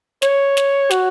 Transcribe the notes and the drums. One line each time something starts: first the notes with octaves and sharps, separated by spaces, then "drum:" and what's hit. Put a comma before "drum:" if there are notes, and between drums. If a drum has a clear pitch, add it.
C#5, drum: snare
drum: snare
F#4, drum: snare